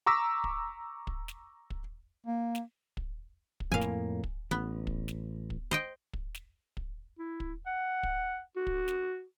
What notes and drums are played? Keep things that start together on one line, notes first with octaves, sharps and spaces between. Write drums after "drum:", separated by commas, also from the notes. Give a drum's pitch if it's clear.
A#5 C#6 D6 E6 A#6 B6
drum: kick
drum: kick
drum: snare
drum: kick
A#3
drum: snare
drum: kick
drum: kick
F2 A2 A#3 F5 G#5
drum: snare
drum: kick
A1 B3
drum: kick
drum: snare
drum: kick
C5 D#5 G5
drum: kick
drum: snare
drum: kick
E4
drum: kick
F#5
drum: kick
F#4
drum: kick
drum: snare